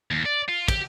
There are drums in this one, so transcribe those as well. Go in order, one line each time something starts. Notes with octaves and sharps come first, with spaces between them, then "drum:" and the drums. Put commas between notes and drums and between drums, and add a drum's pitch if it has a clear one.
D#2
D5
F4
G4, drum: kick, cymbal